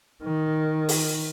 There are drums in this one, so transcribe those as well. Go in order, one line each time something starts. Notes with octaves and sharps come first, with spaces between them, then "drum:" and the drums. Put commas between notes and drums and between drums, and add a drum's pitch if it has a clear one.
D#3
drum: open hi-hat